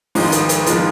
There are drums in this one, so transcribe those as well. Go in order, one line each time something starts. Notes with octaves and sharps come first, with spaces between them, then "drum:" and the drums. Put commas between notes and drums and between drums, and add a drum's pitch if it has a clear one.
G#1 G#2 F3 G#3, drum: open hi-hat
drum: hi-hat
drum: hi-hat
F3 G#3, drum: hi-hat